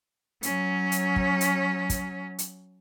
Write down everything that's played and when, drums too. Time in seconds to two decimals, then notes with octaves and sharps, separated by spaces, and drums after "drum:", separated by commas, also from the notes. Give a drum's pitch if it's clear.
0.43 F#3 C#4, drum: hi-hat
0.92 drum: hi-hat
1.16 drum: kick
1.41 drum: hi-hat
1.90 drum: kick, hi-hat
2.38 drum: hi-hat